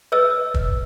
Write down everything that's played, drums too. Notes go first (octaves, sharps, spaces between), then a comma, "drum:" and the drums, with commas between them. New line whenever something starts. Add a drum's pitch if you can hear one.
B4 C#5 D#5 E6
drum: kick